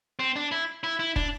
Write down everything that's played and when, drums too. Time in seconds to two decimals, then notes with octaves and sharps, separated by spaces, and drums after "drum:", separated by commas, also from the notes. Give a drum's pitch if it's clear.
0.19 C4
0.36 D4
0.52 E4
0.84 E4
1.00 E4
1.16 D4, drum: kick